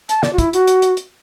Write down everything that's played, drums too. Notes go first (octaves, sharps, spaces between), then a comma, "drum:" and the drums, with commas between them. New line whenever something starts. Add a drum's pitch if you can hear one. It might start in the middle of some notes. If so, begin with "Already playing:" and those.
A5, drum: hi-hat
D5, drum: snare
F#4
E4, drum: kick, hi-hat
F#4, drum: hi-hat
drum: hi-hat
drum: hi-hat
drum: hi-hat